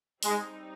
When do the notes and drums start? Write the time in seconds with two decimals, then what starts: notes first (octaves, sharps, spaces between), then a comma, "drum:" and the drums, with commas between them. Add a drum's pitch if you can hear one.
0.23 G3 G#3 C4 D#4, drum: open hi-hat